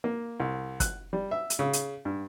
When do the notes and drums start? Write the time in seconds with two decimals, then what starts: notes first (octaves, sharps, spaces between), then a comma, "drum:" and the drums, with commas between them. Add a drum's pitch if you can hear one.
0.04 A#3
0.40 C2
0.80 F#6, drum: kick F#1, hi-hat
1.13 G3
1.31 E5
1.50 drum: hi-hat
1.59 C#3
1.73 drum: hi-hat
2.05 G2